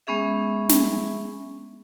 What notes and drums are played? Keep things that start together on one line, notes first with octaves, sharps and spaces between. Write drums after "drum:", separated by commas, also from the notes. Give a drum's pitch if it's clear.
G#3 B3 C#4 G#4 E5
drum: snare